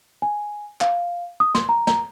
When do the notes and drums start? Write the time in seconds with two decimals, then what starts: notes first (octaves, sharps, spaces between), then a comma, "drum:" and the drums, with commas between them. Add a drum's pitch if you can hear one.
0.22 G#5
0.81 F5, drum: clap
1.40 D#6
1.55 C6, drum: snare
1.69 A#5
1.87 A#5, drum: snare